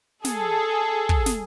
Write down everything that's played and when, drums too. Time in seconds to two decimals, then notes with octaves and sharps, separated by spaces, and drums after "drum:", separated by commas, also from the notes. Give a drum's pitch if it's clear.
0.25 G#4 A4, drum: snare
1.09 drum: kick
1.26 drum: snare